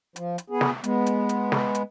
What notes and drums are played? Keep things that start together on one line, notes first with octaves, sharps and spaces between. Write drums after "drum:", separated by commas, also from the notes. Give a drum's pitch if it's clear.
F3, drum: hi-hat
drum: hi-hat
B3 G#4
drum: snare
G#3 B3, drum: hi-hat
drum: hi-hat
drum: hi-hat
drum: snare
drum: hi-hat